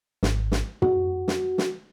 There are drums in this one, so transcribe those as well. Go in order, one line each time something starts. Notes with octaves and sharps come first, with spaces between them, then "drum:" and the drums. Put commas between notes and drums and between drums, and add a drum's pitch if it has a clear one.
G#1, drum: snare
drum: snare
F#4, drum: tom
drum: snare
drum: snare